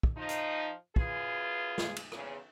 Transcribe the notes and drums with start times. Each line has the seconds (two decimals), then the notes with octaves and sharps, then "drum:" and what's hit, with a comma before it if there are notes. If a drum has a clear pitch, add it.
0.03 drum: kick
0.16 F3 D#4
0.29 drum: hi-hat
0.96 F#2 F4 G#4 B4, drum: kick
1.78 drum: snare
1.96 drum: cymbal
2.12 E2 C#3, drum: rim click